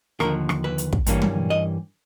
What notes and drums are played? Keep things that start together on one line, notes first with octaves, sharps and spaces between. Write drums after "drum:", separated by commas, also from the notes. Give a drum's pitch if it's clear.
D#2 D3 F3 A#4, drum: rim click
drum: rim click
B4
drum: hi-hat
drum: kick
G2 E3 G3 A#3 C#4, drum: hi-hat
drum: tom
D#5